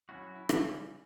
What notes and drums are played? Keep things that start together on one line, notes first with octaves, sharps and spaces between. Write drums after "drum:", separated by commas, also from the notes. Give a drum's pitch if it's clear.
F#3 C#4 E4 F#4
F#4
E4
C#3 E3 G3 C#4 E4 F#4, drum: rim click